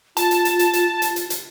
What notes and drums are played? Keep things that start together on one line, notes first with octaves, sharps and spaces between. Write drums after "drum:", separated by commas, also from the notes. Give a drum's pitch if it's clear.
F4 A5, drum: hi-hat
drum: hi-hat
drum: hi-hat
drum: hi-hat
drum: hi-hat
drum: hi-hat
drum: hi-hat
drum: hi-hat